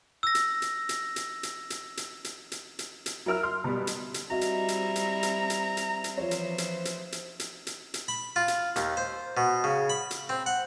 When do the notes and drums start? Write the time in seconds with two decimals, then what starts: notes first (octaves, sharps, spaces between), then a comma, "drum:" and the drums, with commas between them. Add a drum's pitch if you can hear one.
0.23 E6 A#6
0.35 drum: hi-hat
0.62 drum: hi-hat
0.89 drum: hi-hat
1.16 drum: hi-hat
1.43 drum: hi-hat
1.70 drum: hi-hat
1.97 drum: hi-hat
2.24 drum: hi-hat
2.52 drum: hi-hat
2.79 drum: hi-hat
3.06 drum: hi-hat
3.26 F#3 E4 A#4 E6 F6
3.43 C6 F6
3.64 B2 G3
3.87 drum: hi-hat
4.14 drum: hi-hat
4.30 G3 C4 E4 F#4 D#5 E5 A#5
4.41 drum: hi-hat
4.68 drum: hi-hat
4.96 drum: hi-hat
5.23 drum: hi-hat
5.50 drum: hi-hat
5.77 drum: hi-hat
6.04 drum: hi-hat
6.18 E3 F3 F4 C5 C#5
6.31 drum: hi-hat
6.58 drum: hi-hat
6.85 drum: hi-hat
7.12 drum: hi-hat
7.40 drum: hi-hat
7.67 drum: hi-hat
7.94 drum: hi-hat
8.08 B5
8.36 F4
8.48 drum: hi-hat
8.76 D#2, drum: hi-hat
8.97 C5
9.37 B2
9.64 C#3
9.89 B5
10.11 drum: hi-hat
10.29 C4
10.46 F#5